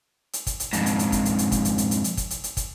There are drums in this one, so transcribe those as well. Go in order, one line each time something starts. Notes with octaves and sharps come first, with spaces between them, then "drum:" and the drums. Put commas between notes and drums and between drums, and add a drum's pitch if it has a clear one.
drum: hi-hat
drum: kick, hi-hat
drum: hi-hat
F2 G#2, drum: hi-hat
drum: hi-hat
drum: hi-hat
drum: kick, hi-hat
drum: hi-hat
drum: hi-hat
drum: kick, hi-hat
drum: hi-hat
drum: hi-hat
drum: hi-hat
drum: hi-hat
drum: kick, hi-hat
drum: hi-hat
drum: hi-hat
drum: kick, hi-hat